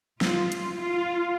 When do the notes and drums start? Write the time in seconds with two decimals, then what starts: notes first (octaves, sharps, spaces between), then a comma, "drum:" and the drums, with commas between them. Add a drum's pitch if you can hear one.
0.21 F4, drum: snare
0.52 drum: hi-hat
0.75 F4